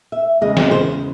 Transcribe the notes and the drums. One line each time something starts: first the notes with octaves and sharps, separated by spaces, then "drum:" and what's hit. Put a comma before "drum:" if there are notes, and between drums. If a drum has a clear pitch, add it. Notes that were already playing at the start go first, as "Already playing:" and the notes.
E5
E2 C#3 G#3 D#5
drum: snare
C5